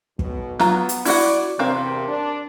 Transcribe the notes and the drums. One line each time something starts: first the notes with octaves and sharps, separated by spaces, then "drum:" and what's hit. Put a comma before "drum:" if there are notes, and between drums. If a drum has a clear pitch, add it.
B1 B2, drum: kick
F#3 B3 F4 A#5, drum: snare
drum: hi-hat
E4 F#4 D5 F#5, drum: open hi-hat
E2 G2 C3 C4 A#4 F5
D4